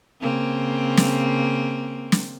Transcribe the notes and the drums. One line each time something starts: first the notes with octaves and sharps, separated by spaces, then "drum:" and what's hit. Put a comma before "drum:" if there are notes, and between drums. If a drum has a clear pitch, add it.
C#3 A#3 C4
drum: snare
drum: snare